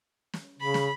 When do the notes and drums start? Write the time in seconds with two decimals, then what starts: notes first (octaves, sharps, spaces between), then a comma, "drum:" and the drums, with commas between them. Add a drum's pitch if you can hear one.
0.34 drum: snare
0.59 C#3 B5
0.74 drum: snare